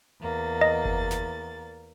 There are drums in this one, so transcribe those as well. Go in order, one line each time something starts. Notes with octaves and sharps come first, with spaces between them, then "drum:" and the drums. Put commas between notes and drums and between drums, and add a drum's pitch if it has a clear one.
E2 A#3 A6
D#5
drum: kick F#1
drum: snare